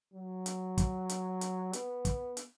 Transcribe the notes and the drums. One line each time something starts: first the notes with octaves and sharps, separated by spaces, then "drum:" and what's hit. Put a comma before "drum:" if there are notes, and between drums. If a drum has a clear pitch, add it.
F#3
drum: hi-hat
drum: kick, hi-hat
drum: hi-hat
drum: hi-hat
B3, drum: hi-hat
drum: kick, hi-hat
drum: hi-hat